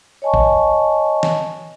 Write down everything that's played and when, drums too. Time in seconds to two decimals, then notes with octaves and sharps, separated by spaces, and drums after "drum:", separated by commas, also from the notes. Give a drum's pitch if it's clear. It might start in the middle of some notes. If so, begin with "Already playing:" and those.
0.22 C#5 D#5 G#5 A5 C#6
0.34 drum: kick
1.23 drum: snare